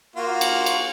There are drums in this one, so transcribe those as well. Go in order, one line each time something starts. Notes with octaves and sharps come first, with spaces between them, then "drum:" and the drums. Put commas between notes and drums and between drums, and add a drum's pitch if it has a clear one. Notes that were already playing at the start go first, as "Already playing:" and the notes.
A#3 F4 F#4
drum: cymbal
drum: cymbal